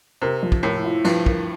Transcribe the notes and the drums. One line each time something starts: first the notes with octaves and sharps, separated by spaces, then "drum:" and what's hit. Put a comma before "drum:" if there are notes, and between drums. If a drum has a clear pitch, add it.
C3 A#4
F3
drum: kick
A2 A#4
F4
G2 F3, drum: cymbal
A#4, drum: kick